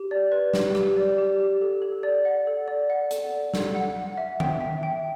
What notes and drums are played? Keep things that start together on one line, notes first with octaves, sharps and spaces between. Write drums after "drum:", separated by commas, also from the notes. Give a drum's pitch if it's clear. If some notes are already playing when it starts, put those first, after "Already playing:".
Already playing: G4
D5
B4
G4, drum: snare
G4, drum: rim click
D5
G4
G4
A4
A4
D5
F#5
A4
D5
F#5
A4, drum: hi-hat
D5
A4, drum: snare
F#5
F#5
E5
G5, drum: tom D#3
E5
G5